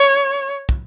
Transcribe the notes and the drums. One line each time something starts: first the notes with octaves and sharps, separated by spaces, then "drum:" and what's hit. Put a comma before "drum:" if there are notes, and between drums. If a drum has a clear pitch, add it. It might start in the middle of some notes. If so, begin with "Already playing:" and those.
Already playing: C#5
drum: kick